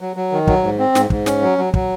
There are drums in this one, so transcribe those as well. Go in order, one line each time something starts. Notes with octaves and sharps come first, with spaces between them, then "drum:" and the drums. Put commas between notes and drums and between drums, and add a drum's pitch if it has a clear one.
F#3
F#3
D#3
F#3, drum: kick
G#2
C4
G#2, drum: snare
G#2, drum: kick
C#4, drum: snare
F#3
F#3
F#3, drum: kick